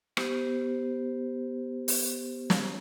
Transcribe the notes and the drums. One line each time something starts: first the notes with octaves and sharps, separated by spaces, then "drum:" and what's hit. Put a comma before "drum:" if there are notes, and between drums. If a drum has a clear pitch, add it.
B3 G4 C5, drum: rim click
drum: open hi-hat
drum: snare